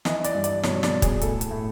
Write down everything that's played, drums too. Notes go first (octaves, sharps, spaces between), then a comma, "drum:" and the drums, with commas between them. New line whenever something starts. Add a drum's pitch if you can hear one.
E3 D#5, drum: snare
D5, drum: hi-hat
G2
D5, drum: hi-hat
B2 C#5, drum: snare
D5, drum: snare
B2
G#4, drum: kick, hi-hat
A2 A4, drum: hi-hat
drum: hi-hat
A2